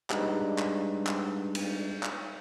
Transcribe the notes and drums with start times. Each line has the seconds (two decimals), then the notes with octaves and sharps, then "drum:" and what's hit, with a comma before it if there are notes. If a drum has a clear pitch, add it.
0.10 G3 G#3 D4 D#4 B4, drum: clap
0.58 drum: clap
1.07 drum: clap
1.55 drum: cymbal
2.03 drum: clap